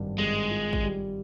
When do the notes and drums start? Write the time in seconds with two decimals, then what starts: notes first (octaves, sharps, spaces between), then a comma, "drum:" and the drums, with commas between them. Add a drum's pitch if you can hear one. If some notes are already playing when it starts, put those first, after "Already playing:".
Already playing: G#1 G2
0.18 G#1 G#3
0.51 F4
0.73 drum: kick
0.83 G3